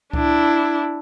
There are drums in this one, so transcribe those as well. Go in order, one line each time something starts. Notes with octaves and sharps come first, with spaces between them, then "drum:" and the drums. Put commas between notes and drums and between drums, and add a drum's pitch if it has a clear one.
D4 E4, drum: kick C#2